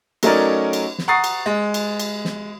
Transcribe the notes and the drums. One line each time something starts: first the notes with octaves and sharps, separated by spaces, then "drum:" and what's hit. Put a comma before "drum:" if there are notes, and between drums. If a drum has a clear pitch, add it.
F#3 A3 C#4 D#4 A#4 D5, drum: cymbal
drum: cymbal
drum: snare
F#5 A#5 C#6 D#6 A6 C7
drum: cymbal
G#3
drum: cymbal
drum: cymbal
drum: snare